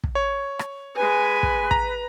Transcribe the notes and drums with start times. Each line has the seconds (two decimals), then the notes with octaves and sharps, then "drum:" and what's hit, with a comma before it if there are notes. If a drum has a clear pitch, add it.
0.04 drum: kick
0.15 C#5
0.59 drum: rim click
0.96 G#3 B4 G#5
1.43 drum: kick
1.71 A#5, drum: kick